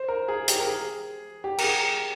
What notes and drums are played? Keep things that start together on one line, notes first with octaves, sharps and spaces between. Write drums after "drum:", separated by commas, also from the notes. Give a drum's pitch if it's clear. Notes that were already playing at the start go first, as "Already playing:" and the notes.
Already playing: C5
A#4
G#4
G4, drum: hi-hat
A#4
G#4
G4
A#4, drum: cymbal
G#4